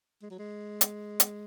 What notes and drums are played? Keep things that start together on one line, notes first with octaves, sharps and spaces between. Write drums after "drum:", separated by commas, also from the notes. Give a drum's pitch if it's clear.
G#3
F#3
G#3
drum: hi-hat
drum: hi-hat